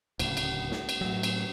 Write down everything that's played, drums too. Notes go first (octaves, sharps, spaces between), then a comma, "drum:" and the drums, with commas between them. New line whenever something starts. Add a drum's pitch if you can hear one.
D1 C#2, drum: cymbal
drum: cymbal
drum: snare
drum: cymbal
A2 F#3
drum: cymbal